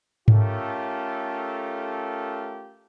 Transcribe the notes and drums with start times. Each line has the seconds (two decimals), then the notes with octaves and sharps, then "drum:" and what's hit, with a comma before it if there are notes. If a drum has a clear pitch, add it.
0.28 A3 C#4 F4 G4 A4 A#4, drum: tom G#2